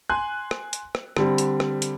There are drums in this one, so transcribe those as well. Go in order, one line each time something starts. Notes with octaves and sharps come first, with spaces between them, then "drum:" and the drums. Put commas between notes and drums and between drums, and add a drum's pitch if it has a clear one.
G#5 C6 F#6
drum: rim click
drum: hi-hat
drum: rim click
D3 G3 C4, drum: rim click
drum: hi-hat
drum: rim click
drum: hi-hat